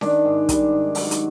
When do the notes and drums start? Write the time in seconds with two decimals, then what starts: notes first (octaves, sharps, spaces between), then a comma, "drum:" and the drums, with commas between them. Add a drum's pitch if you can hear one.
0.01 D#3 D4, drum: snare C#4
0.25 G#2
0.49 G3, drum: kick, hi-hat
0.72 G#2
0.95 F#3, drum: open hi-hat
1.11 drum: hi-hat